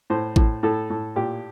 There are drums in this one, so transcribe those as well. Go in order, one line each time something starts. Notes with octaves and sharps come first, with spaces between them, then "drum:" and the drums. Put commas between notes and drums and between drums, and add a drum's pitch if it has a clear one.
A2 C5
A2, drum: kick A1
A2 A4
A2
A#2 G4